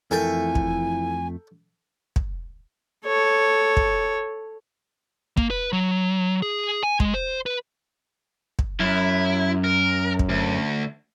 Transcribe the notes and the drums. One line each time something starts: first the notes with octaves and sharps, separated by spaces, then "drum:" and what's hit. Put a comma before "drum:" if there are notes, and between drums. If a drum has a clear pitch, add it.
F2 E3 A3 A4 A#4 G5 G#5
drum: kick
drum: kick
A4 C#5
drum: kick
A#3, drum: kick
B4
F#3
G#4
G#5
G#3, drum: kick
C5
B4
drum: kick
F#2 E4
A#4
drum: kick
D2